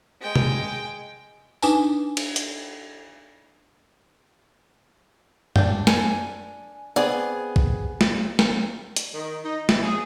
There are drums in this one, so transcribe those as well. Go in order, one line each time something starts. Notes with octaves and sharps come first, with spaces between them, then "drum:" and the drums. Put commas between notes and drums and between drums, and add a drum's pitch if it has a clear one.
G#3 G5
drum: tom C3
D4 D#4 B4 G#5 A5, drum: tambourine
drum: cymbal
drum: hi-hat
D4 G5, drum: tom F#2
G#5, drum: snare
B3 C4 G#4 D5
drum: kick A#1
drum: snare
drum: snare
drum: hi-hat
D#3
D#4
E3, drum: snare
G#4